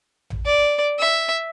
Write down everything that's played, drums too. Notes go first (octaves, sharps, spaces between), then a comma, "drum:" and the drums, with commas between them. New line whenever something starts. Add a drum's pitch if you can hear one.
drum: tom A1
D5
E5